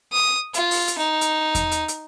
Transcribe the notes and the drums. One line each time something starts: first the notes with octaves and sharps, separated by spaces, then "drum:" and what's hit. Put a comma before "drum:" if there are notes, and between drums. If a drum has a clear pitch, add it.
D#6
F4, drum: hi-hat
drum: open hi-hat
drum: hi-hat
D#4
drum: hi-hat
drum: kick E2, hi-hat
drum: hi-hat
drum: hi-hat